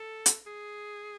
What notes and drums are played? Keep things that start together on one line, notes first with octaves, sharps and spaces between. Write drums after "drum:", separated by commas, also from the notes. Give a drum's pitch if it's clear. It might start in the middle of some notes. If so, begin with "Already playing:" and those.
Already playing: A4
drum: hi-hat
G#4